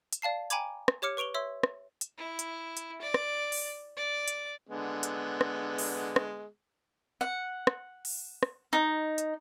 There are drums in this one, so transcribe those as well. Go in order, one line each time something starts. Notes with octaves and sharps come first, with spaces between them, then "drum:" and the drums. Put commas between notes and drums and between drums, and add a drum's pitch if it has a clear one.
drum: hi-hat
D5 F5 A5 C7
G5 G#5 A#5 B5 D6 G#6, drum: hi-hat
drum: rim click
G4 C#5 D6 F6 C#7
B4 C#6 D7 F7 G7
C#5 E5 C6 E6
drum: rim click
drum: hi-hat
E4
drum: hi-hat
drum: hi-hat
D5
drum: rim click
drum: open hi-hat
D5
drum: hi-hat
D3 G#3 B3
drum: hi-hat
drum: rim click
drum: open hi-hat
drum: rim click
F#5
drum: rim click
drum: open hi-hat
drum: rim click
D#4
drum: hi-hat